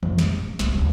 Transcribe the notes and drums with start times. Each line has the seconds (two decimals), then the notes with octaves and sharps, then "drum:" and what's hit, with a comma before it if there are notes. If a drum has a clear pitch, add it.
0.03 F2 F4, drum: tom D#3
0.18 A#2, drum: snare
0.38 A3
0.59 B1 G3, drum: snare
0.75 D1